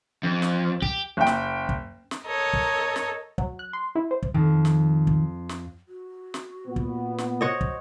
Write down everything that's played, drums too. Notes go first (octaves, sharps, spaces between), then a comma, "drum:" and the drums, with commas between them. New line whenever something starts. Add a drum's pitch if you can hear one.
F2
drum: snare
G4, drum: kick
F#1 G5
drum: snare
drum: kick
drum: snare
A4 A#4 C#5 D#5 A#5
drum: kick
drum: snare
F#3, drum: kick
F#6
C6
E4
C5
drum: kick
F2 D#3
drum: snare
drum: kick
drum: snare
F#4
drum: snare
A#2 B3
drum: kick
drum: snare
F#4 C5 C#5 D#5
drum: kick